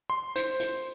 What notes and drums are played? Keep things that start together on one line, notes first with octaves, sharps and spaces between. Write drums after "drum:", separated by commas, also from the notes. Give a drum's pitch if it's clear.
C6
C5, drum: hi-hat
drum: hi-hat